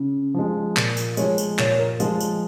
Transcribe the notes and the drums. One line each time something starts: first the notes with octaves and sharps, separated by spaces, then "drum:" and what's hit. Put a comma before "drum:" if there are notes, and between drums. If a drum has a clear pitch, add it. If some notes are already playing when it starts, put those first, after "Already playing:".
Already playing: C#3
F3 G#3
A#2, drum: clap
drum: tambourine
F3 G#3 C#5, drum: tambourine
drum: tambourine
A#2 C#5, drum: clap
C#5
A#4
F3 G#3 F4, drum: tambourine
drum: tambourine